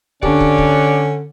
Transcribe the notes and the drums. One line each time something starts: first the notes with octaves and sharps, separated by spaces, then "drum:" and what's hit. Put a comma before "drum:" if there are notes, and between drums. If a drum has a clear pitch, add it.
D3 C#4 D4 F#4 G4 C#5 D5, drum: kick
drum: kick
drum: kick